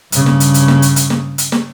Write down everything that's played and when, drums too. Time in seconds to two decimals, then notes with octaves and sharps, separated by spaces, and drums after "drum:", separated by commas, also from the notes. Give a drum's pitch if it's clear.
0.12 G2 C#3, drum: hi-hat
0.26 drum: snare
0.40 drum: hi-hat
0.54 drum: hi-hat
0.68 drum: snare
0.82 drum: hi-hat
0.96 drum: hi-hat
1.10 drum: snare
1.38 drum: hi-hat
1.52 drum: snare